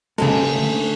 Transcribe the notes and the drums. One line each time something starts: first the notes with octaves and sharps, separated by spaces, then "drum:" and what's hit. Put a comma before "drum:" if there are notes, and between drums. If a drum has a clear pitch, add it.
C#3 G#3 A#3 C#4 A4 G#5, drum: cymbal
D3 A3